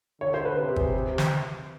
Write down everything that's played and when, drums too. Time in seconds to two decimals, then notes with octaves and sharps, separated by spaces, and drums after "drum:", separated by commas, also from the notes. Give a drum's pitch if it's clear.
0.21 D3 C#5
0.34 C5
0.45 B4
0.57 C3 B4
0.68 G4
0.76 G#4, drum: kick G1
0.93 G4
1.18 drum: snare